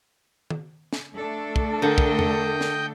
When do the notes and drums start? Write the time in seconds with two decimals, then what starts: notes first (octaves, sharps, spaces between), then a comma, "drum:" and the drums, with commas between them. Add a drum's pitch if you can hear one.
0.50 drum: tom D#3
0.93 drum: snare
1.14 A3 D4 A4
1.56 drum: kick
1.82 D3 A#4 D#5 G5 G6
1.98 drum: kick
2.19 drum: tom E2
2.61 drum: snare